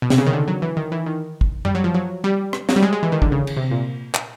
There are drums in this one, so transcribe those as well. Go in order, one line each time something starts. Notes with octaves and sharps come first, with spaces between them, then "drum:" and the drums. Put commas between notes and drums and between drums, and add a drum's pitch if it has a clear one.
B2
C3, drum: snare
C#3
D#3
D3
F#3
E3
D#3
E3
D#3
drum: kick
G3, drum: tom F#2
F#3
F3
F#3
G3
drum: rim click
F#3, drum: snare
G3
G#3
G#3
E3
D#3
D3, drum: kick
C#3
drum: cymbal
C3
A#2
drum: clap